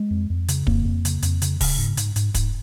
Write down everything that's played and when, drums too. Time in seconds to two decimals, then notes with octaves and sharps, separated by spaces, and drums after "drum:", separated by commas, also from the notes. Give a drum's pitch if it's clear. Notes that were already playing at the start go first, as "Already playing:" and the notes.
Already playing: G#3
0.10 F2
0.30 F2
0.48 C#3, drum: hi-hat
0.67 F2 A#3, drum: kick
0.85 F2
1.05 C#3, drum: hi-hat
1.22 F2, drum: hi-hat
1.42 C#3, drum: hi-hat
1.61 C#3, drum: kick, open hi-hat
1.78 G#2
1.97 G#2, drum: hi-hat
2.16 G#2, drum: hi-hat
2.34 G#2, drum: kick, hi-hat